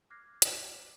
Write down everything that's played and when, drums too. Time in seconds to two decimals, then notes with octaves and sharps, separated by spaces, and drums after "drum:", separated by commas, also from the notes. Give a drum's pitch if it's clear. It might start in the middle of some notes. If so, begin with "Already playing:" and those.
0.10 D6 F6 F#6 G#6 A#6 C7
0.42 drum: hi-hat